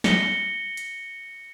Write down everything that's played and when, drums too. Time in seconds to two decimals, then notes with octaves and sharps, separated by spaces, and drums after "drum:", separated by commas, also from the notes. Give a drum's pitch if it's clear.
0.04 A#6 C#7 G7, drum: snare
0.77 drum: hi-hat